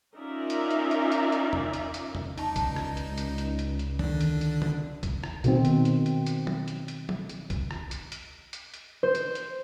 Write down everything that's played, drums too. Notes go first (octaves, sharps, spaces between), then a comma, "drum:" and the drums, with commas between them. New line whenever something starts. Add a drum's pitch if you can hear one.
C#4 D#4 F4 A#4 D5 E5
drum: hi-hat
drum: hi-hat
drum: hi-hat
drum: hi-hat
drum: hi-hat
drum: tom
drum: hi-hat
drum: hi-hat
drum: tom
C#2 D#4 D5 A5 C#6, drum: hi-hat
drum: kick, hi-hat
drum: rim click
drum: hi-hat
drum: hi-hat
drum: hi-hat
drum: hi-hat
drum: hi-hat
D3 D#3 D4, drum: tom
drum: hi-hat
drum: hi-hat
drum: tom
drum: kick, hi-hat
drum: rim click
B2 D#3 C4, drum: hi-hat
drum: hi-hat
drum: hi-hat
drum: hi-hat
drum: hi-hat
drum: tom
drum: hi-hat
drum: hi-hat
drum: tom
drum: hi-hat
drum: kick, hi-hat
drum: rim click
drum: hi-hat
drum: hi-hat
drum: hi-hat
drum: hi-hat
C5
drum: hi-hat
drum: hi-hat